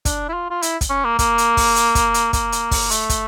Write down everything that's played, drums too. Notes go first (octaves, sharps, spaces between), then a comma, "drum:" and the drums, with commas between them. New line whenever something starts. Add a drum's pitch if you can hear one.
D4, drum: kick, hi-hat
E4
F4
F4
E4, drum: hi-hat
drum: kick, hi-hat
C#4
A#3
A#3, drum: kick, hi-hat
drum: hi-hat
drum: kick, open hi-hat
drum: hi-hat
drum: kick, hi-hat
drum: hi-hat
A#3, drum: kick, hi-hat
drum: hi-hat
drum: kick, open hi-hat
A3, drum: hi-hat
drum: kick, hi-hat